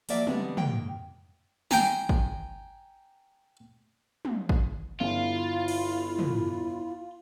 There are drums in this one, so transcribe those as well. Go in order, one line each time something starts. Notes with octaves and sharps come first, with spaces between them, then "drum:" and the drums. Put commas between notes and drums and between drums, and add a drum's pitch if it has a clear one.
F3 F#3 A#3 D5 E5, drum: open hi-hat
D3 G3 G#3 B3 C4 D4, drum: tom
G#3 A#3 G5, drum: tom
G5 G#5 A#5, drum: snare
drum: kick
drum: tom
drum: kick
G1 E4 F4 F5
drum: cymbal
drum: tom